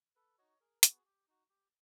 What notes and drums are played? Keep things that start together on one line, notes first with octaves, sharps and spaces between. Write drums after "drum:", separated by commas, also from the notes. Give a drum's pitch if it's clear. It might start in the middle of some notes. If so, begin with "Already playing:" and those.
A4 B4
D#4 F#4 C#5 D#5
G#4 A#4
B3 F#4 G#4, drum: hi-hat
G4
D#4 F#4
G4